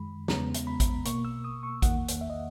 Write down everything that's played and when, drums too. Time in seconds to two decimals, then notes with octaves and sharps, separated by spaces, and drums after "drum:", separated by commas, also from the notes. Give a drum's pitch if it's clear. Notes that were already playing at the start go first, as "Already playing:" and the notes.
Already playing: F#2 D#3 G#3 B5
0.28 E2 C#3 G#3 B3 A#5, drum: snare
0.54 drum: hi-hat
0.67 B5
0.80 drum: kick A1, hi-hat
1.05 B2 A#3 C#6, drum: hi-hat
1.25 E6
1.44 D#6
1.63 C#6
1.82 E2 D#3 A#3 F#5, drum: kick A1, hi-hat
2.08 drum: hi-hat
2.21 E5
2.30 D#5